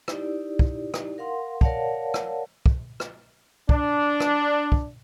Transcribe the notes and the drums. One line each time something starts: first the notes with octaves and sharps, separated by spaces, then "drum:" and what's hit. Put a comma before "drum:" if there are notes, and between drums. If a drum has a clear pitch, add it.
D#4 E4 G4 D5, drum: rim click
drum: kick
drum: rim click
A#4 F5 F#5 C6
A#4 C#5 D5 F5 F#5 A5, drum: kick
drum: rim click
drum: kick
drum: rim click
D4, drum: kick
drum: rim click
drum: kick